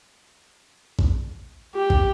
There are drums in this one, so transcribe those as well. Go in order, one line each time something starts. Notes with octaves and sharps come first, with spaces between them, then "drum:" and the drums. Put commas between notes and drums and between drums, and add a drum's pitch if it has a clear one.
drum: kick A1
G4
drum: kick A1